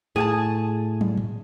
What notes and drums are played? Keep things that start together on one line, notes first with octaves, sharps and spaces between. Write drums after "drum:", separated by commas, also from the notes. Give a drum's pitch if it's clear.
A2 G#4 G#5 A5
drum: tom
drum: tom A2